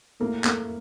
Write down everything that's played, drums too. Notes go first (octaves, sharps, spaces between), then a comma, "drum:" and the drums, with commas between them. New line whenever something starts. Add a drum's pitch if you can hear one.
A2 A#3
A3 A#3, drum: clap